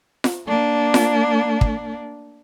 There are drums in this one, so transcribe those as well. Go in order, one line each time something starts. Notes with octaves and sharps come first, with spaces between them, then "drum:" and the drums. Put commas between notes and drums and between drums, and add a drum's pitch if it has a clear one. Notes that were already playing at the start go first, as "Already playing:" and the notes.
drum: snare F4
A#3 D4
drum: snare F4
drum: kick